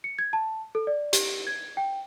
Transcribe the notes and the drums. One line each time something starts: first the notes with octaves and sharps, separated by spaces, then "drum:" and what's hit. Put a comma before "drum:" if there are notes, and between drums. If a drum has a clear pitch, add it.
C#7
G#6
A5
A4
D5
G4, drum: hi-hat
G#6
G5